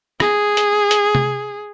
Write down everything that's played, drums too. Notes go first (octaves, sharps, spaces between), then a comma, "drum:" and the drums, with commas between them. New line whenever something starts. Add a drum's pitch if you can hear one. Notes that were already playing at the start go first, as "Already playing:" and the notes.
G#4, drum: rim click
drum: hi-hat
drum: hi-hat
drum: tom C3